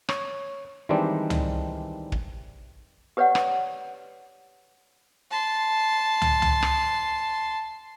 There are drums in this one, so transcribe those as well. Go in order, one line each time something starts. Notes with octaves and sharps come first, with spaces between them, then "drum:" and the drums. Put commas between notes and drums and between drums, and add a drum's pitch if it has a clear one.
C#5, drum: rim click
D#3 E3 G3 G#3 C4 D4
drum: tom
drum: kick
G4 B4 C#5 D5 F#5
drum: rim click
A5 C6
drum: tom
drum: tom
drum: rim click